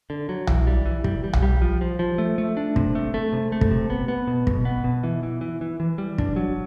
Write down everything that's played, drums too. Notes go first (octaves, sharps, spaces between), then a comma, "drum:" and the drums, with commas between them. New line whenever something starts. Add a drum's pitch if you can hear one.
D3
F#3
E3, drum: tom B1
G3
E3
G3, drum: kick
G3
drum: tom B1
G3
F3
F3
F3
A3
A3
D4
C3, drum: kick
A3
A3
C3
A3
drum: kick
C3
B3
B3
B2
B2, drum: kick
B3
B2
E3
E3
E3
E3
E3
G3
D4, drum: kick
F#3